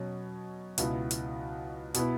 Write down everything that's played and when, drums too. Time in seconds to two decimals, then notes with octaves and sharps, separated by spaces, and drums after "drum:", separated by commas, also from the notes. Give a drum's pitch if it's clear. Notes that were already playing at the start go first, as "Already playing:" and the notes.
Already playing: B2 F#3 C#4
0.78 C#2 B2 B3 E4, drum: hi-hat
1.11 drum: hi-hat
1.94 B2 B3 E4 B4, drum: hi-hat